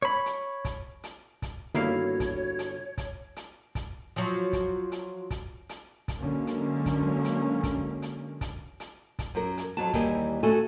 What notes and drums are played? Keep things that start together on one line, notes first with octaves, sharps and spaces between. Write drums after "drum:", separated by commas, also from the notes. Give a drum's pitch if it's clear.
C#5 B5
drum: hi-hat
drum: kick, hi-hat
drum: hi-hat
drum: kick, hi-hat
G1 D#3 A#3 E4 F#4 C#5 F5
drum: kick, hi-hat
drum: hi-hat
drum: kick, hi-hat
drum: hi-hat
drum: kick, hi-hat
F3 F#3, drum: hi-hat
drum: kick, hi-hat
drum: hi-hat
drum: kick, hi-hat
drum: hi-hat
drum: kick, hi-hat
D3 F#3 G#3 A#3 C#4
drum: hi-hat
drum: kick, hi-hat
drum: hi-hat
drum: kick, hi-hat
drum: hi-hat
drum: kick, hi-hat
drum: hi-hat
drum: kick, hi-hat
F#2 F#3 A#4
drum: hi-hat
F2 F#3 A5
D#2 E3 G3 A#4 G#5, drum: kick, hi-hat
A3 F#4 A4 G#5